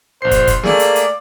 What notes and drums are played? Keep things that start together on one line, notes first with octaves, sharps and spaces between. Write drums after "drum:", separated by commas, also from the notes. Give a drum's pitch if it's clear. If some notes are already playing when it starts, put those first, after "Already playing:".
A#1 C5 C7
drum: kick, hi-hat
drum: kick, hi-hat
A3 A#3 G#4 D5, drum: snare
drum: hi-hat
drum: hi-hat